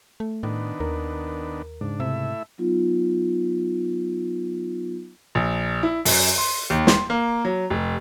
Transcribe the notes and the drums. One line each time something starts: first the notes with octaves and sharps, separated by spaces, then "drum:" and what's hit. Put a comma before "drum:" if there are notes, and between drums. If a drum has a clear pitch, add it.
A3
A2 D#3 B3 D4
D#2 A#4
G#2 C#3 D4
C3 A3 E4 E5
F#3 B3 D#4 F4
A#1
E4
F#2, drum: open hi-hat
C6
D#2
C6, drum: snare
A#3
F#3
F1